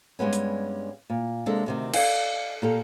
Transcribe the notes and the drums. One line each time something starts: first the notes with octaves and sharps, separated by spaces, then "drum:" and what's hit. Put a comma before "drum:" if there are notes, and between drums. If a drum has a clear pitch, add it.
G2 G3 G#3 B3 C#4
drum: hi-hat
A#2
C3 G#3 A#3 D4 A4
D2 C3 D#3
A4 D5 D#5 F5 G#5, drum: cymbal
A#2 G4 A4